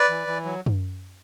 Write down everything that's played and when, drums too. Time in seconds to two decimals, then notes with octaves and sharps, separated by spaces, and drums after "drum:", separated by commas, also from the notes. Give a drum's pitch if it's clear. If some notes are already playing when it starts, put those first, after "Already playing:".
Already playing: B4 D5
0.09 E3
0.27 E3
0.44 F#3
0.66 drum: tom F#2